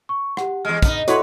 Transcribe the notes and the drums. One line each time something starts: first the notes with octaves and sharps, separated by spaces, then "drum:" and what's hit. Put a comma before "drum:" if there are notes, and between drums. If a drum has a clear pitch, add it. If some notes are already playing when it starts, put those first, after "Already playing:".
C#6
G4 F#5, drum: rim click
E2 G#3 F6
B3 D4 D#4, drum: kick, hi-hat
E4 F#4 A4 B4 C#5 C6, drum: hi-hat